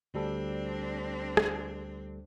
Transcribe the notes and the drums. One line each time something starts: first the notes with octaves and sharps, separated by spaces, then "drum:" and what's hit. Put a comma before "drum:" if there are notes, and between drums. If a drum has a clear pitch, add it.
D2 G3 C4 D4 A4
drum: rim click